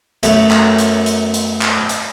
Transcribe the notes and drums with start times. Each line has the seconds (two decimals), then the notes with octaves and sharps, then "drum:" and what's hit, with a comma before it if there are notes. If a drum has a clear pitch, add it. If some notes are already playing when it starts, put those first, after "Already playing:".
0.23 F#2 A3 B3, drum: hi-hat
0.51 drum: clap
0.78 drum: hi-hat
1.06 drum: hi-hat
1.34 drum: hi-hat
1.62 drum: clap
1.89 drum: hi-hat